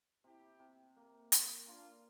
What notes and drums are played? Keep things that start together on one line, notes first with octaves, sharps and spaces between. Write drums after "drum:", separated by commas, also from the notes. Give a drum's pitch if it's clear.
C3 E4 G4
C3
A#3
A#3, drum: hi-hat
A#3 D4 F4